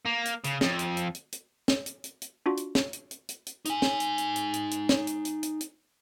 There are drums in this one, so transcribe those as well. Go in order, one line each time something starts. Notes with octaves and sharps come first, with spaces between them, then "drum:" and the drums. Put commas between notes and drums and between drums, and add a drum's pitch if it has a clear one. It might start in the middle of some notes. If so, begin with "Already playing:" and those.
A#3
drum: hi-hat
C#3, drum: hi-hat
F2, drum: snare
drum: hi-hat
drum: hi-hat
drum: hi-hat
drum: hi-hat
drum: snare
drum: hi-hat
drum: hi-hat
drum: hi-hat
D4 F4 F#4
drum: hi-hat
drum: snare
drum: hi-hat
drum: hi-hat
drum: hi-hat
drum: hi-hat
D#4 G#5, drum: hi-hat
drum: snare
drum: hi-hat
drum: hi-hat
drum: hi-hat
drum: hi-hat
drum: hi-hat
drum: snare
drum: hi-hat
drum: hi-hat
drum: hi-hat
drum: hi-hat